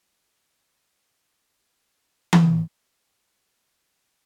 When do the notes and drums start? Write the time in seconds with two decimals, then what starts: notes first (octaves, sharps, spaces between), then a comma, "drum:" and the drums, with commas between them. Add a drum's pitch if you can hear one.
0.18 G#3 C4 D4 E4 F#4 A4
0.57 D2 A2 D3 G#4 A#5 C6
1.26 C#2 A2 E4 D5 A#5
1.51 F#2 F#3 E7
2.33 drum: tom E3
3.20 G2 C#4
3.71 A3